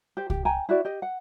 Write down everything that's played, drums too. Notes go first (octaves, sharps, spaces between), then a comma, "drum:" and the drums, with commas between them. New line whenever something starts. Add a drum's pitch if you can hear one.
G4 C5
G4, drum: kick C2
G5 G#5 A#5
E4 F#4 D5
G4 D#5
F#5